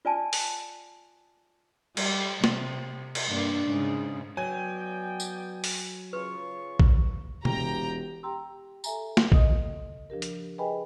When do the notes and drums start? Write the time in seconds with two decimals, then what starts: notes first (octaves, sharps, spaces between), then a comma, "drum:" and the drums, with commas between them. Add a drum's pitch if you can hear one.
0.05 F4 D5 G#5 A5
0.33 drum: open hi-hat
1.97 G3, drum: cymbal
2.44 C3, drum: snare
3.15 drum: cymbal
3.28 G2 A#3 D4
3.69 G#2 C#3
4.37 F#3 B3 C#5 D5 G5 G#5
5.20 drum: tambourine
5.64 drum: open hi-hat
6.13 C#3 F4 B4 C#6
6.80 drum: kick
7.45 E1 G4 G5 A#5, drum: tom C3
8.23 G4 G5 A#5 C6 E6
8.84 A4 E5 G#5 A#5, drum: tambourine
9.17 drum: snare
9.32 C#3 D#5 D#6, drum: kick
10.10 F3 D4 G4 A#4
10.22 drum: hi-hat
10.58 G#4 B4 D#5 G5 G#5 B5